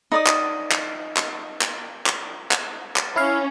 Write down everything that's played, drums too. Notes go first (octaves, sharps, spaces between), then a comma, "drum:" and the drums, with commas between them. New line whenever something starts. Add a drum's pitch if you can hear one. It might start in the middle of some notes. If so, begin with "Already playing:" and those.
D#4 D5 D#6
drum: clap
drum: clap
drum: clap
drum: clap
drum: clap
drum: clap
drum: clap
C#4 E4 F5